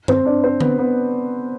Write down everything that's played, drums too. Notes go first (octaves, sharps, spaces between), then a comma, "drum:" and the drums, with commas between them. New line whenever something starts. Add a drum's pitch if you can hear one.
C4 C5, drum: tom G2
D4 D5
C4 C5
B3 B4, drum: tom D3
B3 B4